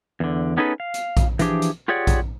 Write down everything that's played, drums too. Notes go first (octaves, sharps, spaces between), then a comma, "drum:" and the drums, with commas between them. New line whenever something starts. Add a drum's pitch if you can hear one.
E2 D3
B3 C#4 D#4 G#4 A4 B4
F5
drum: hi-hat
drum: kick A#1, hi-hat
E3 F3 D4 G4 G#4, drum: hi-hat
drum: hi-hat
F4 G4 G#4 C#5 D5 F#5
drum: kick A#1, hi-hat